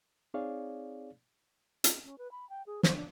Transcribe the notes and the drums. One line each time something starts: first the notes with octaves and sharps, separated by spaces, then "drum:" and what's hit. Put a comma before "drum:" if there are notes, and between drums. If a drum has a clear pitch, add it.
C4 D#4 G#4 C#5 D5 F5
drum: hi-hat
C#4
B4
B5
G5
G#4
C5, drum: snare
D4